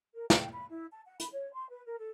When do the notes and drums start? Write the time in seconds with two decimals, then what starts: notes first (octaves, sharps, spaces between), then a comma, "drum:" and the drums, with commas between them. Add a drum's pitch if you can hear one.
0.14 A#4
0.30 G5, drum: snare
0.53 B5
0.69 E4
0.91 A5
1.06 F#5
1.20 B5, drum: hi-hat
1.32 C#5
1.54 C6
1.69 B4
1.86 A#4
1.98 A4